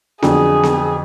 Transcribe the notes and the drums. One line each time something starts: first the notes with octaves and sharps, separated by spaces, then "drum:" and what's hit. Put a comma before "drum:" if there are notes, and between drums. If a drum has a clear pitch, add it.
F2 D3 F#3 G#4, drum: snare B3
drum: snare B3